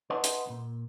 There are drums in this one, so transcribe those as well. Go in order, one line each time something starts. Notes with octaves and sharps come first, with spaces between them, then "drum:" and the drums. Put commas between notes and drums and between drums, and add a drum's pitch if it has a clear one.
B4 D#5 F#5 G#5 A5 C6
drum: hi-hat
C#2 A#2